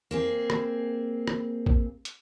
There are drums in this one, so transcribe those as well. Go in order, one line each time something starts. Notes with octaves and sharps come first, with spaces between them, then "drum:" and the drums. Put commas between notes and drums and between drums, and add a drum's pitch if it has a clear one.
A#3 C4 G#4
drum: rim click
drum: rim click
drum: kick
drum: hi-hat